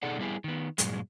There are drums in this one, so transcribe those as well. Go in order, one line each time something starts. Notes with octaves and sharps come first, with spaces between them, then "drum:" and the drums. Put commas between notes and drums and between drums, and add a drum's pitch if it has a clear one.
B2 D#4 G#4 A4 D5 F#5
G3 B3 E4 G4 G#4
D#3 B3
G2 A#2 F#3 G#3, drum: hi-hat